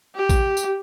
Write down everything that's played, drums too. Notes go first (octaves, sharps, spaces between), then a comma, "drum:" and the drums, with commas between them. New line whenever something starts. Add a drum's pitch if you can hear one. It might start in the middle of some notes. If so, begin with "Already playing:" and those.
G4
drum: kick A1, tambourine
drum: tambourine